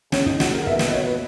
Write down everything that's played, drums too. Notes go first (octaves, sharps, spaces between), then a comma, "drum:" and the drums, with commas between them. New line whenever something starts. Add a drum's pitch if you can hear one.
C#3 C#4, drum: snare
D#4, drum: kick
F#4, drum: snare
A#4
B2 E5, drum: kick
D#5, drum: snare
B4
C#5
B4